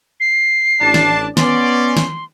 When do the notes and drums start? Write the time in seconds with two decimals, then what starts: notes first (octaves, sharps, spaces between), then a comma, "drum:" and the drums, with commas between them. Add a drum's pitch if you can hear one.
0.20 C7
0.81 A1 D4 A5
0.94 drum: snare
1.37 B3 C#4 D5 C6, drum: snare
1.97 drum: snare